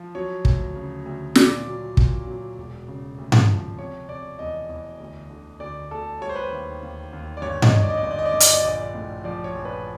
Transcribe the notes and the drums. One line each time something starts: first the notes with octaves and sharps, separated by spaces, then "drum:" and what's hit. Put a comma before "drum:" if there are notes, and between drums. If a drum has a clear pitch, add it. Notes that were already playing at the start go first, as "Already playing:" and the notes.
Already playing: F3
F#3 C#5
D2, drum: kick
C#3
D2
A#2 D5, drum: snare
F#3
A#2, drum: kick
F#3
E1
C#3
D2
drum: tom G#2
F3
C3 C#5
C3 D5
E2 D#5
E2
D2
D3
D2 D5
D2 A4
G3 C#5
C5
B4
C5
D#2
D#2
D#2
D5
G1 C#5
D#5, drum: tom G#2
D3
D5
D#5
D5
G1 D#5
D5
D#5
D5
G1 D#5
D5, drum: hi-hat
D#5
D5
D#5
A#1 D5
A2
F3 D5
C#5
A#1
B4